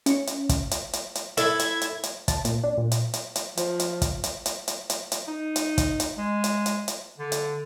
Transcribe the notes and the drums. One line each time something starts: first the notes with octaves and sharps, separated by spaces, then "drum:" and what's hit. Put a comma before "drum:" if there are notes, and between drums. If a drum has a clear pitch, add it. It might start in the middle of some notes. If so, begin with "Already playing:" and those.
C#4, drum: hi-hat
drum: hi-hat
drum: kick, hi-hat
drum: hi-hat
drum: hi-hat
drum: hi-hat
E4 A4 E5 G#6, drum: hi-hat
drum: hi-hat
drum: hi-hat
drum: hi-hat
A5, drum: kick, hi-hat
A#2, drum: hi-hat
D4
A#2
drum: hi-hat
drum: hi-hat
drum: hi-hat
F3, drum: hi-hat
drum: hi-hat
drum: kick, hi-hat
drum: hi-hat
drum: hi-hat
drum: hi-hat
drum: hi-hat
drum: hi-hat
D#4
drum: hi-hat
drum: kick, hi-hat
drum: hi-hat
G#3
drum: hi-hat
drum: hi-hat
drum: hi-hat
D3
drum: hi-hat